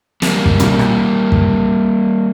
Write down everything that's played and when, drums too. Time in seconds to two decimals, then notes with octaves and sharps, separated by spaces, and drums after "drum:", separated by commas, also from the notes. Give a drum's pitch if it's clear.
0.22 G3 A#3, drum: snare
0.46 drum: kick
0.60 drum: tom
0.79 drum: rim click
1.32 drum: kick